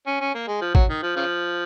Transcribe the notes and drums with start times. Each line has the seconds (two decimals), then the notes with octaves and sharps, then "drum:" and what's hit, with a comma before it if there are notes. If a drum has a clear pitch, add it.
0.07 C#4
0.21 C#4
0.35 A#3
0.47 G#3
0.62 F3
0.75 F#3, drum: kick A1
0.89 D#3
1.03 F3
1.16 C#3 F3